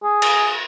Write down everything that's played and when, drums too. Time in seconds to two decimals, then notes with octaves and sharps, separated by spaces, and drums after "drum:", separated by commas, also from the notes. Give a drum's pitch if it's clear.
0.03 G#4
0.22 drum: cymbal